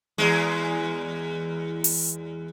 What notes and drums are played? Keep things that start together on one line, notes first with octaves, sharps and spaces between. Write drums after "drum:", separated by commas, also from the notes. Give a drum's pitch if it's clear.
E2 G#3
drum: open hi-hat